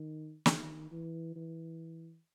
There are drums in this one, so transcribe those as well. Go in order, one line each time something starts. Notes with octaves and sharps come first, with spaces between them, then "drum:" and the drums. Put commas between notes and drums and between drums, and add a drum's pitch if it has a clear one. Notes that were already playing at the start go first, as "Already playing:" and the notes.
Already playing: D#3
D#3, drum: snare
E3
E3